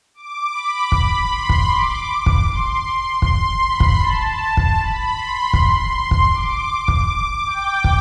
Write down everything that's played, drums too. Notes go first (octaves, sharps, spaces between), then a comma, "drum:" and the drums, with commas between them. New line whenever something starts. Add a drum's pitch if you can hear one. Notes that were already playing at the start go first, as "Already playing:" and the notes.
D6
B5
B5, drum: kick
C6
drum: kick
D6
D6
drum: kick
C6
C6, drum: kick
B5
drum: kick
A5
drum: kick
B5
C6
drum: kick
C6
drum: kick
D6
D6
drum: kick
G5
drum: kick